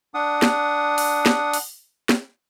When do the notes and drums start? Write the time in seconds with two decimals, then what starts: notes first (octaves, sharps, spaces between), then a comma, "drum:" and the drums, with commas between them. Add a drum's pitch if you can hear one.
0.14 D4 F#5 D#6
0.42 drum: snare
0.98 drum: open hi-hat
1.26 drum: snare
1.54 drum: open hi-hat
2.09 drum: snare